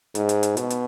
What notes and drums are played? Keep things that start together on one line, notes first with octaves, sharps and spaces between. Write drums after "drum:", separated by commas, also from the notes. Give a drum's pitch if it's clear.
G#2, drum: hi-hat
drum: hi-hat
drum: hi-hat
B2, drum: hi-hat
drum: hi-hat